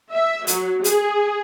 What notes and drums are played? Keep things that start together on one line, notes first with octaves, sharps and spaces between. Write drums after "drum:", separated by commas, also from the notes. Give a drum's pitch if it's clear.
E5
F#3, drum: hi-hat
G#4, drum: hi-hat